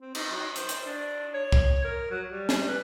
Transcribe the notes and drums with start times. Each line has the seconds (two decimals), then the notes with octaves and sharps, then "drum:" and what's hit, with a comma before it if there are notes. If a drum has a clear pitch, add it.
0.01 C4
0.15 D#4, drum: cymbal
0.31 F#3
0.56 C5, drum: hi-hat
0.69 drum: hi-hat
0.85 D4
1.34 C#5
1.52 drum: kick C2
1.84 A#4
2.10 F#3
2.28 G3
2.49 drum: snare
2.69 B4